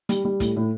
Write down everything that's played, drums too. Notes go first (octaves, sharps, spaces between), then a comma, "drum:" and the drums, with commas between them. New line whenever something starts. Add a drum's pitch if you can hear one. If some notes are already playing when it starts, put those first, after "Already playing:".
G3, drum: hi-hat
G3
A2, drum: kick, hi-hat
A2